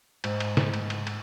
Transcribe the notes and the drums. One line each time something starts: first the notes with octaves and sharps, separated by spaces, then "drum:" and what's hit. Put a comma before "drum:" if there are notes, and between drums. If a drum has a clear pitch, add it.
G#2, drum: cymbal
drum: cymbal
drum: snare
drum: cymbal
drum: cymbal
drum: cymbal